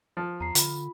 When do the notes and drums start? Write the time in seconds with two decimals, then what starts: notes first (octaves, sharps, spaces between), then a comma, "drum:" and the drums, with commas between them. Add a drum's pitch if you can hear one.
0.17 F3
0.40 E2 A#5 C7
0.55 D3 F4 B5, drum: hi-hat